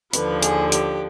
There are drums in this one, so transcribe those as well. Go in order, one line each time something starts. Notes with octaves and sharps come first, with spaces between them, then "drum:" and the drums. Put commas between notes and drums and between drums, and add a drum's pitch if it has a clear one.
D#2 D3 F3 B4, drum: hi-hat
G#4, drum: hi-hat
G4, drum: hi-hat